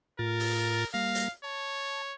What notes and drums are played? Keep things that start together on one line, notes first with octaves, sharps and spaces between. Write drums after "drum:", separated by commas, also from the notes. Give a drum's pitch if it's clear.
A2 F4 A#4 A6
drum: open hi-hat
G3 A#3 F5 A#6
drum: hi-hat
C#5 A5